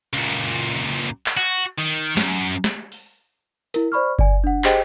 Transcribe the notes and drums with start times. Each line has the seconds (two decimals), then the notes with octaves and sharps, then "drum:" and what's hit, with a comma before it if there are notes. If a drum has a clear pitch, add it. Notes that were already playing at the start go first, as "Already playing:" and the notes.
0.13 C#2 A#2
1.26 drum: clap
1.37 F#4
1.79 D#3
2.17 F#2, drum: snare
2.64 drum: snare
2.92 drum: open hi-hat
3.74 E4 A#4, drum: hi-hat
3.92 C5 D5 B5 C#6 F6
4.19 D5 G#5, drum: kick F#1
4.44 D4 F#5
4.64 G4 G#4 C5 D#5 G5, drum: clap